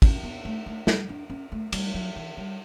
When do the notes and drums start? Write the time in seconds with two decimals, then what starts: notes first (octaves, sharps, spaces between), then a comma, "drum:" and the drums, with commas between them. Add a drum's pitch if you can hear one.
0.02 C#4, drum: kick, cymbal
0.23 B3
0.45 A3
0.66 A3
0.87 G3, drum: snare
1.09 D4
1.30 C#4
1.52 A3
1.72 G3, drum: cymbal
1.94 F#3
2.16 E3
2.37 G3